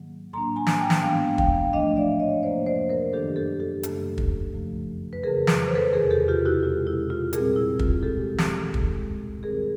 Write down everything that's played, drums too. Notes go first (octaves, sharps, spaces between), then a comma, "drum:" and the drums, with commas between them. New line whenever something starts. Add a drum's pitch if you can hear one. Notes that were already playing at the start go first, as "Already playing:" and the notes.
Already playing: G#2 D#3 F#3 A#3
A2 F#3 A#3 D4 A#5 C6
G#5 A#5
drum: snare
G5 A5
drum: snare
G#2 E3 G#3 B3 D4 F5 G5
F5 G5, drum: kick
A2 F3 A3 D4 D#5 F5
D5 E5
C#5 D#5
F2 C3 F3 A#3 C5 D5
C5 D5
A#4 C5
F#2 D#3 F#3 B3 D4 G4 A4
G4 A4
G4 A4
F#2 C#3 F#3 A3 C#4, drum: hi-hat
drum: kick
F2 C#3 F3 A3
B4
F2 C#3 E3 G#4 A#4
drum: snare
B4
C5
A4 B4
E2 C3 D#3 G#4 A#4
G4 A4
F4 G4
E4 F#4
B2 G#3 C#4 F4
E4
F4
A#2 G3 C4 G#4 A#4, drum: hi-hat
E4
F4, drum: kick
B2 G#3 C4 G4 A4
drum: snare
D#2 D#3 G#3, drum: kick
G2 D#3 G3 C4 G#4 A#4